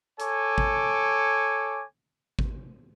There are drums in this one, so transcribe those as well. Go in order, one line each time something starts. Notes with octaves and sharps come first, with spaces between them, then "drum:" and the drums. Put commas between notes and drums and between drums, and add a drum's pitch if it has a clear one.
A4 C#5 G#5 D6, drum: hi-hat
drum: kick G#1
drum: kick G#1